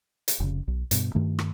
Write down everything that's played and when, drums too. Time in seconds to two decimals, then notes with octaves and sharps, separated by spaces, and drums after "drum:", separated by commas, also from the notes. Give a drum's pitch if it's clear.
0.28 drum: hi-hat
0.40 F1 C#3
0.68 B1
0.91 G2 B2, drum: hi-hat
1.15 G2 D#3 A3
1.39 drum: rim click